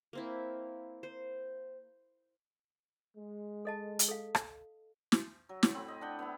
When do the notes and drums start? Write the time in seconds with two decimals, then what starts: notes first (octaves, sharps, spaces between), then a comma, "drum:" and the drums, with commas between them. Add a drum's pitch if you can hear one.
0.13 A#3 C4 E4
1.03 C5
3.17 G#3
3.65 A4 D#5 A5
3.99 drum: hi-hat
4.08 A4 F5
4.35 drum: rim click
5.12 drum: snare
5.49 F#3
5.63 drum: snare
5.74 A2 C4 B5
5.88 D#5
6.01 D4 F#5 G5
6.19 B3 E4